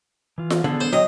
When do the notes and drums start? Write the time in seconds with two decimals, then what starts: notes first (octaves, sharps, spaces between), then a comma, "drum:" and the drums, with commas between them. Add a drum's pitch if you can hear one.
0.38 E3 F4
0.50 drum: snare F4
0.64 D3 B3 G#4 A4
0.81 C5
0.93 F#3 D#5 G5